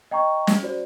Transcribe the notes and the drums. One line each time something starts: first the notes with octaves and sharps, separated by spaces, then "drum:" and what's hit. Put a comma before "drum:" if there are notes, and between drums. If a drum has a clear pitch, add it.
D#5 G5 A#5 C#6
drum: snare
F#4 C5 D5